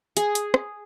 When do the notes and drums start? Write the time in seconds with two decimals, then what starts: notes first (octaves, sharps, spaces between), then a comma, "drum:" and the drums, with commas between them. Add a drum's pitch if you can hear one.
0.17 G#4, drum: hi-hat
0.35 drum: hi-hat
0.54 drum: rim click